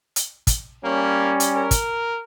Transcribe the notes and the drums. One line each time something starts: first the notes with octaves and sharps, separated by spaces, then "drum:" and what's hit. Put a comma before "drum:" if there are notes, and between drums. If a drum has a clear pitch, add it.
drum: hi-hat
drum: kick, hi-hat
G3 A#3 C#4
drum: hi-hat
A#4
drum: kick, hi-hat